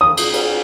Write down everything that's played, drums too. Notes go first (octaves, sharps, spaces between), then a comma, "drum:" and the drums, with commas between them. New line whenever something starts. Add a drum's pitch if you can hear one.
D#6
drum: cymbal
drum: cymbal